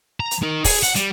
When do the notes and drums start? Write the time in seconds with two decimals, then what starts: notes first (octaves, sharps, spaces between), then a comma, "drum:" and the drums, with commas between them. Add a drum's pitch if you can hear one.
0.20 A#5
0.31 drum: hi-hat
0.43 D#4 A#4
0.64 G#4, drum: kick, open hi-hat
0.83 F#5, drum: hi-hat
0.95 G3, drum: hi-hat